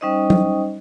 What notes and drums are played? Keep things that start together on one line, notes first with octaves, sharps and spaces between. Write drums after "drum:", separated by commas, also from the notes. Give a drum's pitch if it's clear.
G3 C#4 D#4 C5 D#5
drum: tom F#3